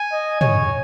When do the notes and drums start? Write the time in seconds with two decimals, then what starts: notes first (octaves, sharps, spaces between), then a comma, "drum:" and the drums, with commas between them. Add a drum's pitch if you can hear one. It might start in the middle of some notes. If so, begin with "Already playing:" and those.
Already playing: G#5
0.12 D#5
0.41 C#5 G#5, drum: tom